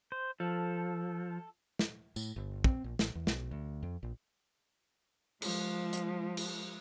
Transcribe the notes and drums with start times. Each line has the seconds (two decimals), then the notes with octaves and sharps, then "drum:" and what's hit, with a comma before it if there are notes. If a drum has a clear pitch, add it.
0.12 C5
0.40 F3 A4
1.79 drum: snare
2.16 A2, drum: tambourine
2.36 G1
2.64 C4, drum: kick
2.84 A#1
2.99 A1, drum: snare
3.15 E2
3.27 B1, drum: snare
3.51 D2
3.83 F2
4.03 A#1
5.42 F3 G#3, drum: cymbal
5.93 drum: hi-hat
6.37 drum: cymbal